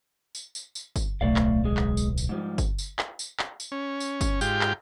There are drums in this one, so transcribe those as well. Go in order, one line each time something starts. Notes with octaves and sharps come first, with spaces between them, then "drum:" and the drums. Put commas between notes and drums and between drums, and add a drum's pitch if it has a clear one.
drum: tambourine
drum: tambourine
drum: tambourine
drum: kick G1, tambourine
D1 B1 A3 D5 F5
drum: clap
G#3 G#4
drum: clap
drum: tambourine
drum: tambourine
G#2 F3 G3
drum: kick G1, tambourine
drum: tambourine
drum: clap
drum: tambourine
drum: clap
drum: tambourine
C#4
drum: tambourine
drum: kick G1, tambourine
G#2 F4 G4 G5, drum: tambourine
drum: clap